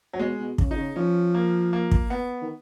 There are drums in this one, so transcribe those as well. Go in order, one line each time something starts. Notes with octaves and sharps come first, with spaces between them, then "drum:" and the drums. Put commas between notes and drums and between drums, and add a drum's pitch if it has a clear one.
F#3
B2 G#3
B2
C#3, drum: kick
D#4
C#3
F3 C#4
A#3
A#3
drum: kick
B3
D#3